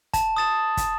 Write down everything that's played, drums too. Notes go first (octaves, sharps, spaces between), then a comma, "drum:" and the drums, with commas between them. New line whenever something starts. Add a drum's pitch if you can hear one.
A5, drum: kick, hi-hat
D#6 A6 E7
drum: kick, hi-hat